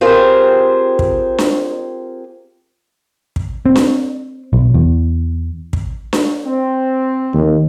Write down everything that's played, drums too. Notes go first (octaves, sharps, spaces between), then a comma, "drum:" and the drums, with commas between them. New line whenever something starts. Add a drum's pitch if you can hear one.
C4 F4 G4 G#4 A#4 C5
drum: kick
drum: snare D4
drum: kick
C4
drum: snare D4
B1
E2
drum: kick
drum: snare D4
C4
D#2